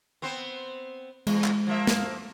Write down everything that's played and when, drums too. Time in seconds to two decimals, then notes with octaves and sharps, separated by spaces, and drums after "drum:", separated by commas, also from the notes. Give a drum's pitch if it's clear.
0.22 B3 C4 C5
1.27 E2 G#3, drum: cymbal
1.44 drum: clap
1.67 F3 A#3 E5
1.87 drum: snare